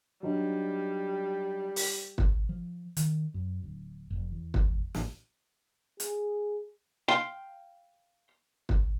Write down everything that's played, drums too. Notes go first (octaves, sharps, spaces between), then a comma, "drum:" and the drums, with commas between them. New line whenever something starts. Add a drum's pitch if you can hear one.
F#3 G3 D4 D#4
drum: open hi-hat
drum: kick
F3
D#3, drum: hi-hat
F#2
D1
F1
E2
E1, drum: kick
A1, drum: snare
G#4, drum: hi-hat
F5 G5 C6
drum: kick